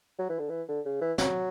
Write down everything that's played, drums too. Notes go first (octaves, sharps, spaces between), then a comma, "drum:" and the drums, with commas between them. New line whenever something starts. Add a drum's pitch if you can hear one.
F#3
E3
D3
E3
D3
C#3
E3
F#3, drum: snare